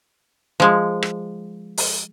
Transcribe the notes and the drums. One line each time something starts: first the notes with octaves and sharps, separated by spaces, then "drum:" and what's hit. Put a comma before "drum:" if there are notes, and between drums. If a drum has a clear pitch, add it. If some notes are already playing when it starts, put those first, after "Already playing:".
F3 G#3
drum: rim click
drum: open hi-hat